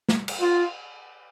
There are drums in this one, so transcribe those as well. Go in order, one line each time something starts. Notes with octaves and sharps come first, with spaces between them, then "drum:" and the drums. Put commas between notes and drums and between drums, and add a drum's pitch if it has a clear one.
drum: snare
drum: cymbal
F4